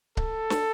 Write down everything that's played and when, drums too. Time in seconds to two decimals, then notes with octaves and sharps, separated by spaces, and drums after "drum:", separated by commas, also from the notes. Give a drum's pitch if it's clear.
0.17 A4, drum: kick C#1
0.50 drum: snare D4